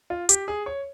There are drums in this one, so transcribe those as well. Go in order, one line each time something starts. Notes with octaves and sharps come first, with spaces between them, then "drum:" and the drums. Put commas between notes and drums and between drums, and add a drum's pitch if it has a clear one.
F4
G4, drum: hi-hat
G#4
C#5